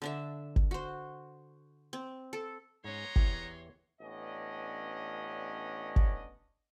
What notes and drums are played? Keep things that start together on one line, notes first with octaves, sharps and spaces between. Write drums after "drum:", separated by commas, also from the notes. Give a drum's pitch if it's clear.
D3 D4 E5
drum: kick G1
F#4 C5
C4
A4
G#2 C#4 C#5 D#5 F#5 A#5 C6
E2 E3 G4, drum: kick G1
A1 B3 C#4 D4 D5 D#5
drum: kick G1